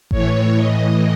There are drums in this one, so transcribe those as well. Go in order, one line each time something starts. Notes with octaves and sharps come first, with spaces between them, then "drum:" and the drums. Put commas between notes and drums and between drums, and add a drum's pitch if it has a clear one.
A2 E3 C#5, drum: kick G#1
A2 E3 D#5